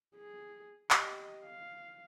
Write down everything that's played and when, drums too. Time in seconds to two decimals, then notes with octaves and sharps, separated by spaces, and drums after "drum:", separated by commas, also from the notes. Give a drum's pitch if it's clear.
0.16 G#4
0.91 G4 D#5, drum: clap
1.45 F5